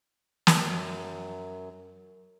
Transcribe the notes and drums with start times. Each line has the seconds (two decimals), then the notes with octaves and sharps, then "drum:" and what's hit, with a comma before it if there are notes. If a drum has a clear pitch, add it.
0.47 drum: snare
0.63 F#2 F#3